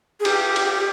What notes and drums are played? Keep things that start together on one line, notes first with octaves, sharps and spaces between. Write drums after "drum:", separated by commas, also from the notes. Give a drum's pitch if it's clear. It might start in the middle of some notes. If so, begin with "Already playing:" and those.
G#4
G4, drum: cymbal
drum: cymbal